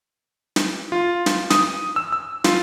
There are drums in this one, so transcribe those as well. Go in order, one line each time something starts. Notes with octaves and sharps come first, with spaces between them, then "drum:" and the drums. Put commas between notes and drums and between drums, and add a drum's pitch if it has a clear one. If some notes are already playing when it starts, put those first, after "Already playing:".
drum: snare
F4
drum: snare
D#6, drum: snare
E6
E6
F4, drum: snare